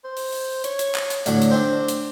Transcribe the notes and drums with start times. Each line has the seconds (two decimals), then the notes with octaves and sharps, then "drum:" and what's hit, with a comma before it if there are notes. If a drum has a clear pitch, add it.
0.04 C5
0.17 drum: open hi-hat
0.32 drum: open hi-hat
0.64 C#5, drum: hi-hat
0.79 drum: hi-hat
0.95 drum: clap
1.10 drum: hi-hat
1.26 A2 D3 F#3, drum: hi-hat
1.42 drum: hi-hat
1.51 C4 D4 C5
1.88 drum: hi-hat